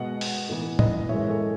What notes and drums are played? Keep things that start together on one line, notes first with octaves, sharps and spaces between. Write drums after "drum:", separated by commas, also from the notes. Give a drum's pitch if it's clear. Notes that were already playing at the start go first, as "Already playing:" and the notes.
Already playing: B2 G#3 B3 D#5 F#5
drum: open hi-hat
A2 E3 B3
B4 D#5, drum: tom
F#2 E3 G#3 C#5 E5
A4 C#5